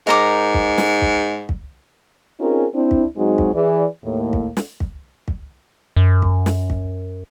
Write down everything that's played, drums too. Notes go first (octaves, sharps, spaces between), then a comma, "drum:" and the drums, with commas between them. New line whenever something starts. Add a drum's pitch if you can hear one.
G#2 D#4 A#4 D6
drum: kick
drum: snare
drum: kick
drum: kick
C4 C#4 D#4 F4 G#4 A#4
C4 D4 E4
drum: kick
G#2 F#3 G#3 C4 D#4 F#4
drum: kick
E3 G#4 D5
D#2 A2 A#3
drum: kick
drum: snare
drum: kick
drum: kick
F#2
drum: kick
drum: snare
drum: kick